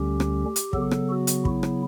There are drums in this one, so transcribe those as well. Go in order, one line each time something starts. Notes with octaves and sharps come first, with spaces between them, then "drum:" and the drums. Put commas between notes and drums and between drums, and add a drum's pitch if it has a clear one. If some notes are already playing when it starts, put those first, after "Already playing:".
Already playing: D2 D3 G3 C#4 G4
drum: rim click
drum: hi-hat
C#3 F#3 B3 A4, drum: kick
drum: rim click
F#4
drum: hi-hat
E4, drum: kick
drum: rim click